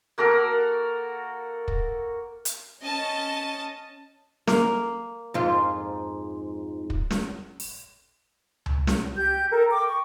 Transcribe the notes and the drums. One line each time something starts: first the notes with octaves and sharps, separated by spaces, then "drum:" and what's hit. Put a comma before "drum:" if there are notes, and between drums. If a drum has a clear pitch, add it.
A#3 F#4 A4 A#4
drum: kick
drum: hi-hat
C#4 D#5 A5
A#3, drum: snare
F2 G#2 F4
drum: kick
drum: snare
drum: open hi-hat
drum: tom C#2
drum: snare
G4 G6
A4 A#4
G5 D6
C#6